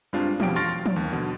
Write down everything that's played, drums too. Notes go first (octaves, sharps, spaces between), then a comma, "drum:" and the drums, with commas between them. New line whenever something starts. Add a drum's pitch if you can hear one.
G2 G#3 C4 D4 F4
F2 B2 G4 F5 G5 D7, drum: tom E3
C6 C#6 F6 A6 A#6 D7, drum: hi-hat
drum: tom E3
D#2
B2 D3